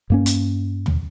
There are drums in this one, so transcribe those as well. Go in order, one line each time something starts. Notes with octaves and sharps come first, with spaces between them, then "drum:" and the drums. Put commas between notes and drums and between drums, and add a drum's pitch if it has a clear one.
G2 A#3 C#4
drum: hi-hat
drum: tom